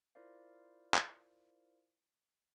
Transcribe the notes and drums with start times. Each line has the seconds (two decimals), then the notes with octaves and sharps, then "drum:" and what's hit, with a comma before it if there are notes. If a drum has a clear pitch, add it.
0.15 E4 F4 A#4 C5 D5 F5
0.94 drum: clap